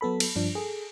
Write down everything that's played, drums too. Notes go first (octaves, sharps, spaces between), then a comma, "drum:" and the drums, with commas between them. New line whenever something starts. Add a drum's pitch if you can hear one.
F#3 B3 A4 B5
drum: cymbal
G2 F3 D4
G#4 A4